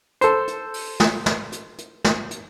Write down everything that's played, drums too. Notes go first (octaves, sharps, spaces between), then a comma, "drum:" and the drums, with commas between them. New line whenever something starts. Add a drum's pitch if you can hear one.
A4 C5, drum: hi-hat
drum: hi-hat
drum: open hi-hat
drum: snare
drum: snare
drum: hi-hat
drum: hi-hat
drum: snare
drum: hi-hat